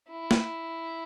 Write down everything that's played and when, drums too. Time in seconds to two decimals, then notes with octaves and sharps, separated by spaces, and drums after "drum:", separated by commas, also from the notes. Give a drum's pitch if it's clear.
0.10 E4
0.31 drum: snare